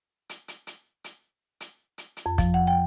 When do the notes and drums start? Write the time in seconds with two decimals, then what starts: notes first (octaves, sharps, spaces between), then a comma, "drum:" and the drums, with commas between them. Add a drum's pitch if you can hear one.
0.29 drum: hi-hat
0.48 drum: hi-hat
0.67 drum: hi-hat
1.04 drum: hi-hat
1.60 drum: hi-hat
1.98 drum: hi-hat
2.17 drum: hi-hat
2.26 F2
2.38 F3, drum: kick, hi-hat
2.54 F#5
2.67 G5